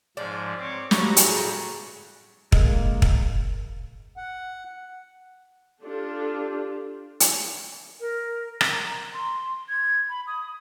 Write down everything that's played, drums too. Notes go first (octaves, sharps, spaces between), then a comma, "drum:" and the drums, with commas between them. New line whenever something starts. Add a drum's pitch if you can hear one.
G#2 F3 D5
C4 C#5 D6
G2 G3 C#4 F#4 A#5, drum: snare
drum: hi-hat
A2 C#3
D3 G#3 A#3, drum: kick
drum: kick
F#5
D4 F4 G4 A4
drum: hi-hat
A#4
drum: rim click
A#5
C6
G#6
B5
D#6